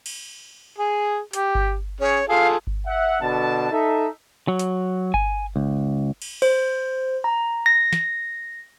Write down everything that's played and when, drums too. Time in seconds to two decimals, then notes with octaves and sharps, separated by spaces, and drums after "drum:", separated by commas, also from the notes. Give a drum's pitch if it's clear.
0.06 drum: cymbal
0.78 G#4
1.33 G4, drum: hi-hat
1.55 drum: kick G1
2.00 C#4 G#4 C#5
2.29 F4 G#4 A4 F5
2.67 drum: kick G1
2.86 E5 F#5
3.21 B2 D3 A5
3.72 D#4 A4 E5
4.48 F#3
4.59 drum: hi-hat
5.14 G#5, drum: kick G1
5.56 C#2
6.22 drum: cymbal
6.42 C5, drum: cymbal
7.24 A#5
7.66 A#6
7.93 drum: snare